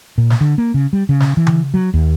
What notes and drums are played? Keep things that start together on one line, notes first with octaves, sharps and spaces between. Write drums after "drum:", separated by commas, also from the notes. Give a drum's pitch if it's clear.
A#2
drum: snare
D3
A#3
C#3
G3
C#3
drum: snare
E3
drum: tom C#3
F#3
D#2